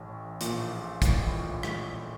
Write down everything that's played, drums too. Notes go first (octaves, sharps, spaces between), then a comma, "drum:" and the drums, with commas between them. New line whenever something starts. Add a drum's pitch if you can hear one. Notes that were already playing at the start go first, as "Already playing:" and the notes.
Already playing: A1 A2
A#1 A#2, drum: hi-hat
A1 A2, drum: kick, hi-hat
drum: rim click